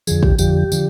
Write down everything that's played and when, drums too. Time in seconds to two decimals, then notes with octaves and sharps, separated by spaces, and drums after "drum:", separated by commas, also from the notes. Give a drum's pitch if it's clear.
0.07 F2 D3 F3 G#4, drum: tambourine
0.23 G4, drum: kick
0.39 F2 D3 F3 G4, drum: tambourine
0.72 D3 F3, drum: tambourine